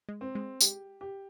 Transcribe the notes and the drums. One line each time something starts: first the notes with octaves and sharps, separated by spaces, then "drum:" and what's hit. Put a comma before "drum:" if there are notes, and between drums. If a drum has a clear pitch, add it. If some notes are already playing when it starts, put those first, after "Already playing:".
G#3
C4
G#3
G#3 G4, drum: tambourine
G4